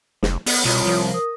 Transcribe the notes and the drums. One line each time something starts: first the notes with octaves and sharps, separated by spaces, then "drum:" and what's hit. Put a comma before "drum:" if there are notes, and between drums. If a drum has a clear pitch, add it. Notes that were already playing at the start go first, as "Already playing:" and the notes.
F1, drum: snare
B3, drum: open hi-hat
C2 B2 F4 C#5 D#6
F3
A#4 D#6